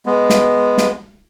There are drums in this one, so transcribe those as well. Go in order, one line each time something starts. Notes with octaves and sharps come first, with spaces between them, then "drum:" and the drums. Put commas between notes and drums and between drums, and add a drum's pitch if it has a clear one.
G#3 B3
drum: snare
drum: snare